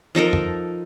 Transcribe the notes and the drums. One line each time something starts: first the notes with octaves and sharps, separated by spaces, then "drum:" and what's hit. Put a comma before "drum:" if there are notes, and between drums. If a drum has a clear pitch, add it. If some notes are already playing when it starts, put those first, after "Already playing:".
F3 D#4 A4 A#4
drum: tom F2